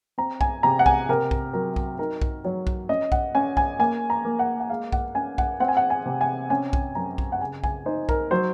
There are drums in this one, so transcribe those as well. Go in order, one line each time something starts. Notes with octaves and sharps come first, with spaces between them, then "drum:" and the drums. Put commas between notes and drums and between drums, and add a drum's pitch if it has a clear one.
C4 A#5
G#5, drum: kick B1
C3 A#5
F#5
G#5, drum: kick B1
C3 A#4
drum: kick B1
F#3 A#4
drum: kick B1
D#4 A#4
drum: kick B1
F#3 C#5
drum: kick B1
C#4 D#5
F#5, drum: kick B1
C#4 G#5
G#5, drum: kick B1
A#3 G#5
A#5
A#3
F#5
F#5
G#3 F5
F#5, drum: kick B1
C#4 G#5
F#5, drum: kick B1
C4 F#5
G#5
F#5
G#5
C3
G#5
C#4 G#5
drum: kick B1
F#2 A#5
drum: kick B1
F#5
C#3 G#5
G#5, drum: kick B1
D#4 C5
A#4, drum: kick B1
F#3 C5